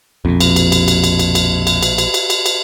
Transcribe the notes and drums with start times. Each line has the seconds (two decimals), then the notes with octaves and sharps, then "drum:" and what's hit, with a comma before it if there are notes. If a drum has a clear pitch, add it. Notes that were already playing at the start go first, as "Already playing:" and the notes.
0.25 A#1 F2 B2
0.40 drum: cymbal
0.56 drum: cymbal
0.72 drum: cymbal
0.88 drum: cymbal
1.04 drum: cymbal
1.19 drum: cymbal
1.35 drum: cymbal
1.67 drum: cymbal
1.83 drum: cymbal
1.98 drum: cymbal
2.14 drum: cymbal
2.30 drum: cymbal
2.46 drum: cymbal